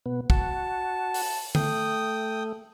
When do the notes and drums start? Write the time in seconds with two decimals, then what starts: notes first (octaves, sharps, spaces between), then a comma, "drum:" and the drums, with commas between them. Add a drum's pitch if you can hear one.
0.06 B2 B3
0.30 F#4 A5, drum: kick
1.14 drum: open hi-hat
1.55 A3 G5 D#6, drum: tom D3